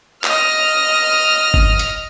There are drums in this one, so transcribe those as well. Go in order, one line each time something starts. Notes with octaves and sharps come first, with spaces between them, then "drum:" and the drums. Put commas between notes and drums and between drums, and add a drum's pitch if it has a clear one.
D#5 F6, drum: clap
drum: kick G1
drum: hi-hat